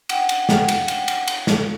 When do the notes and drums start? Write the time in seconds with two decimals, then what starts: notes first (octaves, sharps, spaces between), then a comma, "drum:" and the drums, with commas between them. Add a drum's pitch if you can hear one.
0.09 F#5 G5, drum: cymbal
0.29 drum: cymbal
0.49 drum: snare
0.68 drum: cymbal
0.88 drum: cymbal
1.08 drum: cymbal
1.28 drum: cymbal
1.47 drum: snare